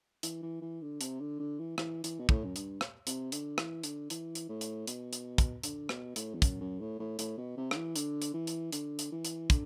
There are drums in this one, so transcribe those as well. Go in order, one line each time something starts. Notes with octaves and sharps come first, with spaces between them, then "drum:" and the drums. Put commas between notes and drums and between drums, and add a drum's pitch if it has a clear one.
E3, drum: hi-hat
E3
E3
D3
C3, drum: hi-hat
D3
D3
E3
E3, drum: rim click
E3, drum: hi-hat
B2
A2, drum: kick
F#2
G2, drum: hi-hat
drum: rim click
C3, drum: hi-hat
D3, drum: hi-hat
E3, drum: rim click
D3, drum: hi-hat
E3, drum: hi-hat
drum: hi-hat
A2
drum: hi-hat
B2, drum: hi-hat
drum: hi-hat
drum: kick, hi-hat
D3, drum: hi-hat
B2, drum: rim click
A2, drum: hi-hat
E2
F#2, drum: kick, hi-hat
F#2
A2
A2
A2, drum: hi-hat
B2
C3
D3, drum: rim click
E3
D3, drum: hi-hat
drum: hi-hat
E3
drum: hi-hat
D3, drum: hi-hat
drum: hi-hat
E3
drum: hi-hat
D3, drum: kick, hi-hat